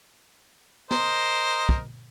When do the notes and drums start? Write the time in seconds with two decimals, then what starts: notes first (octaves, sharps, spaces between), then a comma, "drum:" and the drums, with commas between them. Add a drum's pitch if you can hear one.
0.91 A#4 C5 D#5, drum: snare
1.69 drum: kick